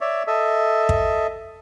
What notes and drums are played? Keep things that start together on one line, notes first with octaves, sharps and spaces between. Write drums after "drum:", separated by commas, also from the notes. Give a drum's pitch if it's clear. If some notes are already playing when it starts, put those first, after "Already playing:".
C#5 D5 E5
A4 D#5 E5
drum: kick